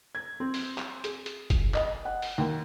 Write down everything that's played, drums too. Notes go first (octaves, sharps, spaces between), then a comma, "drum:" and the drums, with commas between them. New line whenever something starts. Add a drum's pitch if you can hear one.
G#6
C4
drum: open hi-hat
drum: clap
G#4, drum: hi-hat
drum: hi-hat
drum: kick F#1, hi-hat
D#5, drum: clap
F#5
drum: open hi-hat
D#2